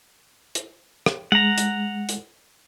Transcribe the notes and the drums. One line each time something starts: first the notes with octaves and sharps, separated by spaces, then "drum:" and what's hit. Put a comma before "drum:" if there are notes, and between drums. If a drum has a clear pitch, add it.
drum: hi-hat
drum: rim click
G#3 F#5 A#5
drum: hi-hat
drum: hi-hat